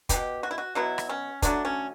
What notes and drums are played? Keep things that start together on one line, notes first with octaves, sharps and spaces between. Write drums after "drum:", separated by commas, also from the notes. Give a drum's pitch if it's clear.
B2 F#3 B3 G4, drum: kick, hi-hat
F#4
E4
F#4
B2 F#3 B3 E4
drum: rim click
C#4
D3 F#3 A3 D4, drum: kick, hi-hat
C#4